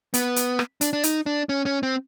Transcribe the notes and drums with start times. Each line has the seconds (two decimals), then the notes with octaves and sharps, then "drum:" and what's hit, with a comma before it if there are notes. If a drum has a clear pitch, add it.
0.14 B3, drum: hi-hat
0.36 drum: hi-hat
0.59 drum: rim click
0.81 D4, drum: hi-hat
0.93 D4
1.03 D#4, drum: hi-hat
1.26 D4
1.49 C#4
1.66 C#4
1.83 C4